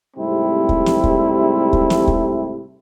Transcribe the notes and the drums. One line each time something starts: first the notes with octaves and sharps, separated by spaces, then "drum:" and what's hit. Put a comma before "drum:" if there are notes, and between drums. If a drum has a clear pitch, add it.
G#2 C3 G3 A3 C4 E4
drum: kick
drum: snare
drum: kick
drum: kick
drum: snare
drum: kick